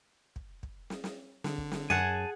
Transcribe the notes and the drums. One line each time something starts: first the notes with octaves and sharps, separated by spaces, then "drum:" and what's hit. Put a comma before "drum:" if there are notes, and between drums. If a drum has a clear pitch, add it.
drum: kick
drum: kick
drum: snare
drum: snare
D3, drum: snare
drum: kick
drum: snare
F#2 G#4 F#5 G#5 A5